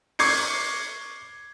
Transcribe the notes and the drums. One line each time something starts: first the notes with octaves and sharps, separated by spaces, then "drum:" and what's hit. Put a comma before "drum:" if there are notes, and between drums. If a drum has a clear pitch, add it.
C#6 D6 G#6 C7 C#7, drum: open hi-hat